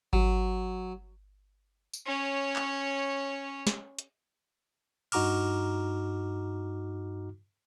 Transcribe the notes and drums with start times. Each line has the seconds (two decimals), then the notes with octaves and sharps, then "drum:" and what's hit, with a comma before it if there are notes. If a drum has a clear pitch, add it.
0.13 F#3, drum: kick G#1
1.93 drum: tambourine
2.06 C#4 C#5
2.56 drum: clap
3.67 drum: snare
3.99 drum: hi-hat
5.12 G2 D#4 F#4 A#5 D6 F6, drum: cymbal